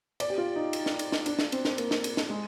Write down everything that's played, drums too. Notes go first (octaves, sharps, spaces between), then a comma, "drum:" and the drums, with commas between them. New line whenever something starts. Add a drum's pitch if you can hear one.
D5, drum: cymbal
G4
F4
D#4
drum: cymbal
drum: snare
drum: cymbal
drum: snare
D4, drum: cymbal
drum: snare
C4, drum: cymbal
drum: snare
A#3, drum: cymbal
drum: snare
drum: cymbal
drum: snare
G#3